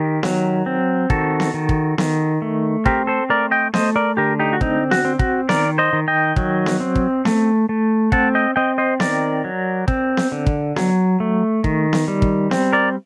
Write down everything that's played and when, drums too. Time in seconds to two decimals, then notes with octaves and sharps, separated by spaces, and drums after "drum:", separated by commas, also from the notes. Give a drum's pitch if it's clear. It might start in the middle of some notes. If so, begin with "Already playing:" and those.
Already playing: D#3 G4 A#4
0.23 F#3, drum: snare B3
0.66 C4
1.10 D#3 F#4 A4, drum: kick
1.40 drum: snare B3
1.54 D#3
1.69 drum: kick
1.98 D#3, drum: snare B3
2.42 A3
2.86 C4 G4 A#4, drum: kick
3.07 A4 C5
3.29 A3 A#4 D5
3.51 D#5 G5
3.74 A3 C5 D#5, drum: snare B3
3.96 A#4 D5
4.17 D3 G4 A#4
4.39 D#4 G4
4.53 F#4
4.61 C4 D#4, drum: kick
4.91 F#4, drum: snare B3
5.05 C4
5.19 F#4, drum: kick
5.49 D#3 A#4 D5, drum: snare B3
5.78 C5 D#5
5.93 D#3
6.08 D#5 G5
6.36 F#3, drum: kick
6.66 drum: snare B3
6.80 C4
6.95 drum: kick
7.25 A3, drum: snare B3
7.69 A3
8.12 C4 F#5 A5, drum: kick
8.35 D#5 G5
8.56 C4 D#5 G5
8.78 C5 D#5
9.00 D#3 A#4 D5, drum: snare B3
9.44 F#3
9.88 C4, drum: kick
10.17 drum: snare B3
10.32 D3
10.46 drum: kick
10.76 F#3, drum: snare B3
11.20 A3
11.64 D#3, drum: kick
11.93 drum: snare B3
12.08 G3
12.22 drum: kick
12.51 C4, drum: snare B3
12.73 A#4 D5